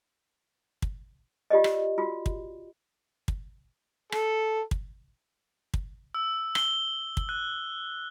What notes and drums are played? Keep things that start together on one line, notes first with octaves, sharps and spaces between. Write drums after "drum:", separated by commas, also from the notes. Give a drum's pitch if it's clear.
drum: kick
F4 G4 D5 D#5
drum: rim click
F4 F#4
drum: kick
drum: kick
A4, drum: rim click
drum: kick
drum: kick
E6
G7, drum: rim click
drum: kick
F#6